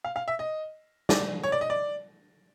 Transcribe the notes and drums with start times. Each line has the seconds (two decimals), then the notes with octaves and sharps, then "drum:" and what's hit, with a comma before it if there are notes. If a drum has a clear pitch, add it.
0.04 F5
0.16 F5
0.28 E5
0.39 D#5
1.09 D5, drum: snare
1.44 C#5
1.52 D5
1.61 D#5
1.70 D5